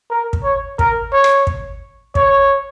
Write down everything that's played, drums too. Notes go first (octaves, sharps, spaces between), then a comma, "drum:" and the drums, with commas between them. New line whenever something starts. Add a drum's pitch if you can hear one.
A#4
drum: kick
C#5
A#4, drum: kick
C#5
drum: rim click
drum: kick
C#5, drum: kick